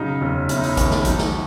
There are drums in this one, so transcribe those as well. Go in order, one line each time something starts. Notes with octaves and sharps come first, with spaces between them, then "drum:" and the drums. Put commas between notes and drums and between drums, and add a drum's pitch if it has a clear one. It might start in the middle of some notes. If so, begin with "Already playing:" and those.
Already playing: C#3 F#3 D#4
E1
E1 E4, drum: hi-hat
D#4
E4, drum: open hi-hat
D#2, drum: kick A#1, hi-hat
drum: snare
F#3 D#4, drum: kick A#1, hi-hat
drum: snare